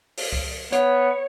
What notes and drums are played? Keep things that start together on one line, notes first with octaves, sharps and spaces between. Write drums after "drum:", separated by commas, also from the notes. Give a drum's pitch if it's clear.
drum: open hi-hat
drum: kick C#2
B3 C#5, drum: hi-hat